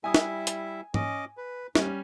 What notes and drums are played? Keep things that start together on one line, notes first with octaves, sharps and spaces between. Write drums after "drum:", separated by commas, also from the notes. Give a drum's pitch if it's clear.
G3 E4 E5 G#5 D#6
drum: snare
drum: hi-hat
C#4 D#5 D6, drum: tom G#2
B4
D#2 G#2 G3 C#4, drum: snare